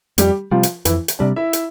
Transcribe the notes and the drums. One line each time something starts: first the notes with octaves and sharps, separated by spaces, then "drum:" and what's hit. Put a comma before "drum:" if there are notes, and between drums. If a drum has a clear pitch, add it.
F2 G3 G4, drum: hi-hat
C3 F3 G3 F4
drum: hi-hat
F2 E3 E4, drum: hi-hat
drum: hi-hat
C3 G3 D4 D5
E4 E5
drum: hi-hat